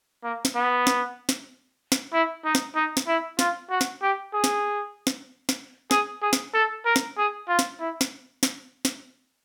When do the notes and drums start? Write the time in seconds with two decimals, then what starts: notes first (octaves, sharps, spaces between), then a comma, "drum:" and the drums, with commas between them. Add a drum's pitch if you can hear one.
0.23 A#3
0.45 drum: snare
0.55 B3
0.87 drum: snare
1.29 drum: snare
1.92 drum: snare
2.13 E4
2.44 D#4
2.55 drum: snare
2.75 D#4
2.97 drum: snare
3.07 E4
3.39 F4, drum: snare
3.70 F#4
3.81 drum: snare
4.02 G4
4.33 G#4
4.44 drum: snare
5.07 drum: snare
5.49 drum: snare
5.91 G#4, drum: snare
6.22 G#4
6.33 drum: snare
6.54 A4
6.85 A#4
6.96 drum: snare
7.17 G#4
7.48 F4
7.59 drum: snare
7.80 E4
8.01 drum: snare
8.43 drum: snare
8.85 drum: snare